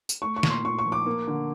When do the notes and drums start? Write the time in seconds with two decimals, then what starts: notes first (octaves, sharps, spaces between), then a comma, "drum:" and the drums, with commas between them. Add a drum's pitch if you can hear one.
0.09 drum: tambourine
0.22 A3 C#6
0.36 C#6
0.43 A#2, drum: snare
0.50 C6
0.64 A#2 C#6
0.79 C#6
0.85 F3
0.92 D6
1.06 A#3
1.27 D3